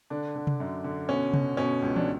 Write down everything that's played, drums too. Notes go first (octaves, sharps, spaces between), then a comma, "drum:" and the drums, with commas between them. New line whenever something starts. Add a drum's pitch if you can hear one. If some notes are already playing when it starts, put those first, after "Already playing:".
D3 D4
D3
drum: tom C3
F#2
D3
B2 C#4
B2, drum: tom C3
B2 C#4
C#2
D4, drum: tom E3